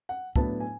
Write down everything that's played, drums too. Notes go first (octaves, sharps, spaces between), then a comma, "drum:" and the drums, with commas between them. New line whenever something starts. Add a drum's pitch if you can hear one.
F#5
A2 F#3 B3 D4 A5, drum: kick
G#5